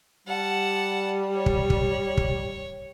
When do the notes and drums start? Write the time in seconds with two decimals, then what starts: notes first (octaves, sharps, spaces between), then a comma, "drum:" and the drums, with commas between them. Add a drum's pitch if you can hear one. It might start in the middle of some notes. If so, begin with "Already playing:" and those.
0.27 G3 F#5 A5
1.34 C#5
1.46 drum: kick
1.70 drum: kick
2.17 drum: kick